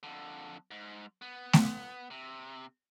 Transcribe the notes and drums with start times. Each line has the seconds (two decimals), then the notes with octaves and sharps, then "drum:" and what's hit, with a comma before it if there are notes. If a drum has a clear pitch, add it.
0.03 F2 D3
0.71 G#2
1.22 B3
1.53 drum: snare A3
2.11 C3